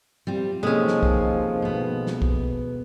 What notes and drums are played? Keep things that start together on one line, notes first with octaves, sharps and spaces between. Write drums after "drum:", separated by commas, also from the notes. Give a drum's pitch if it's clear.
G3 C4 F4
C3 D#3 F3 G#3 A#3 C#4 A4 D#6
drum: snare
drum: kick
B2 B3
drum: snare
drum: kick